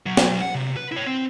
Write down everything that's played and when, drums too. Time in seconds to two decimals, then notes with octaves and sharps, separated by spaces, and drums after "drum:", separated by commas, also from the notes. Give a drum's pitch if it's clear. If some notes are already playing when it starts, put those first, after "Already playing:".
0.06 B1 F#3
0.17 drum: snare
0.41 F#5
0.55 C3
0.77 B4
0.92 E4 C#5
1.06 C4